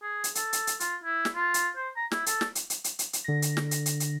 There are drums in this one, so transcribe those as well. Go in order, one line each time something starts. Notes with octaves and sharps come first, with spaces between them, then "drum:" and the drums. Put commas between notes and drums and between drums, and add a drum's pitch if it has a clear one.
G#4
drum: hi-hat
A4, drum: hi-hat
drum: hi-hat
drum: hi-hat
F4, drum: hi-hat
E4
drum: snare
F4
drum: hi-hat
C5
A#5
E4, drum: snare
A4, drum: hi-hat
drum: snare
drum: hi-hat
drum: hi-hat
drum: hi-hat
drum: hi-hat
drum: hi-hat
D3 A#6
drum: hi-hat
drum: snare
drum: hi-hat
drum: hi-hat
drum: hi-hat